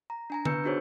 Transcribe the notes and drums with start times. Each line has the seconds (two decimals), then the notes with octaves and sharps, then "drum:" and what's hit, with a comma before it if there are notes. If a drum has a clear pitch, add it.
0.10 A#5
0.30 D4 G#5 A#5
0.45 B3 B4 G#5 E6 G6 C#7, drum: tom D3
0.64 D4 D#4 F#4 G#4 C5 C#5